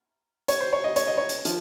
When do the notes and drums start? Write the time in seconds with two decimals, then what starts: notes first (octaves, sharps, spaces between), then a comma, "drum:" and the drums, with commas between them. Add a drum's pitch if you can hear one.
0.48 C#5, drum: hi-hat
0.60 C5
0.73 C#5
0.84 D#5
0.96 C#5, drum: hi-hat
1.07 D#5
1.17 C#5
1.29 drum: hi-hat
1.45 F3, drum: hi-hat